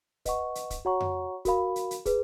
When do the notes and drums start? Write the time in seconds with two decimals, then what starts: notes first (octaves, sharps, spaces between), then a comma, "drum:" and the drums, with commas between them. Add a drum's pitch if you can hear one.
0.25 B4 D#5 F#5 C#6, drum: kick, hi-hat
0.55 drum: hi-hat
0.70 drum: kick, hi-hat
0.85 F#4 C#5 F#5 A#5 C#6
1.00 drum: tom F2
1.45 F#4 A#4 F5 B5, drum: kick, hi-hat
1.76 drum: hi-hat
1.91 drum: hi-hat
2.06 G#4 B4, drum: kick, hi-hat